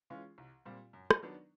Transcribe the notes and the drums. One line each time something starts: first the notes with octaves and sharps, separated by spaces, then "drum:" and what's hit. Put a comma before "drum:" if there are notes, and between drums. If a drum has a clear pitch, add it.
E3 G#3 C#4 F4
C2
A#2 G3 C4
F#2
drum: rim click
D#3 F#3 B3 D4